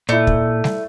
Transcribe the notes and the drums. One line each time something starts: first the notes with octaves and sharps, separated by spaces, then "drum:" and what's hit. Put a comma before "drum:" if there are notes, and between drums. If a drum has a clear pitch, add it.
A#2 A3 E4 D5
drum: kick
drum: snare G3